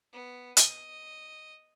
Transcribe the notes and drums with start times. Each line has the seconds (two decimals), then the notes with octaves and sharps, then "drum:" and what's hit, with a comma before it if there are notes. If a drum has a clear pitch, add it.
0.12 B3
0.57 D#5, drum: hi-hat